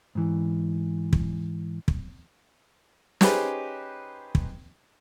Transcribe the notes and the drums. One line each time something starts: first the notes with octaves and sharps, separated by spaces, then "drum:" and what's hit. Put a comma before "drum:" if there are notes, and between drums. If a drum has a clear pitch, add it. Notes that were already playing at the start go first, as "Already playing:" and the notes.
G#2 E3
drum: kick
drum: kick
C#4 D#4 G4 G#4 B4 C5, drum: snare
drum: kick